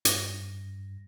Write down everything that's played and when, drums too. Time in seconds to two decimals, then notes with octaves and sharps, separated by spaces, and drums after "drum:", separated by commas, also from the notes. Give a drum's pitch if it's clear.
0.05 G2 A#6, drum: hi-hat